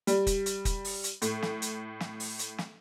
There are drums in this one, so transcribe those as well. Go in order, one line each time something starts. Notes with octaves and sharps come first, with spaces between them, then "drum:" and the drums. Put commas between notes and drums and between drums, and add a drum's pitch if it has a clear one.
G3, drum: hi-hat
drum: kick, hi-hat
drum: hi-hat
drum: kick, hi-hat
drum: open hi-hat
drum: hi-hat
A2, drum: hi-hat
drum: snare
drum: hi-hat
drum: snare
drum: open hi-hat
drum: hi-hat
drum: snare